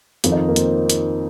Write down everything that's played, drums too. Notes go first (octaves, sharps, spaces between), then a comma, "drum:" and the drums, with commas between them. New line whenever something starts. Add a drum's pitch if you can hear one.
F2 D#3 F4, drum: hi-hat
D#4
A#3
C4, drum: hi-hat
drum: hi-hat